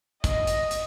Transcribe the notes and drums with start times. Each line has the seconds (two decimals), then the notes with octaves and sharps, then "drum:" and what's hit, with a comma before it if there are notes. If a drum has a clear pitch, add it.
0.24 D#5, drum: kick, hi-hat
0.47 drum: hi-hat
0.71 drum: hi-hat